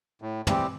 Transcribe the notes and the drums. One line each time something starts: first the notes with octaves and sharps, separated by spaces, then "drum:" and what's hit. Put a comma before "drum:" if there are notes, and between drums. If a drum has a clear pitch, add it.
A2
E3 G3 C4 G4, drum: tom